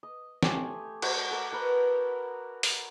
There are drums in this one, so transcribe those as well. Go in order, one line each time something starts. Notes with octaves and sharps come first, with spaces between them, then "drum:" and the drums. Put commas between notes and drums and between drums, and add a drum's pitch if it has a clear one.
D#5
A3 G4 G#5 C6, drum: snare
F#4 F#5, drum: cymbal
A4 A#4 D6
A#4 B4
drum: open hi-hat